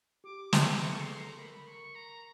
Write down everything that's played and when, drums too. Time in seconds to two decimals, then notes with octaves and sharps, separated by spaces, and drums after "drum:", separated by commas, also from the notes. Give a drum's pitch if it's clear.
0.24 G4 D6
0.53 G#4, drum: snare
0.80 A4 C#6
1.00 C6
1.19 A#5
1.38 A#4 B5
1.67 C#6
1.95 A#5